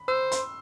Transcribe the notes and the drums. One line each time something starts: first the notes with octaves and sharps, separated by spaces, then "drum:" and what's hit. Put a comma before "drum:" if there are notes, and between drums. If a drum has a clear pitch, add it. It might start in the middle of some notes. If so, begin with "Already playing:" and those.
Already playing: B5
C5 E6
C6, drum: hi-hat